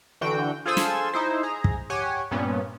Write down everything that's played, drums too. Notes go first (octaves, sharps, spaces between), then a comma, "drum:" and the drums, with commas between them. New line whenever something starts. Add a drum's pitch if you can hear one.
D3 E3 F#4 G5
F4 G#4 A4 C5 G#5 E6
drum: snare
D#4 E4 C5
G#4 A#5
drum: kick
G4 C#5 F#5 G#5
G2 A#2 B3 C#4